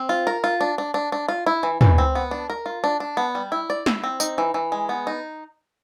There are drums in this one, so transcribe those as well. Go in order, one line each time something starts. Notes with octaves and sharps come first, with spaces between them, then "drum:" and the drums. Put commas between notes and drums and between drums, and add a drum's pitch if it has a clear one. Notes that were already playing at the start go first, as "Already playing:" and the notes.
Already playing: C4
F4
A#4
F4
D4
D4
D4
D4
F4
E4
E3
E3, drum: tom
C4
B3
D4
A#4
F4
D4
D4
B3
G3
E4
D5
E4, drum: snare
C4
D#4, drum: tambourine
E3
E3
G#3
B3
D#4